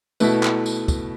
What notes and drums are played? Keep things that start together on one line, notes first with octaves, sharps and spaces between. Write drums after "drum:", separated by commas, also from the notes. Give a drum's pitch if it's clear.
B2 A3 E4 B4, drum: tambourine
drum: clap
drum: tambourine
drum: kick, tambourine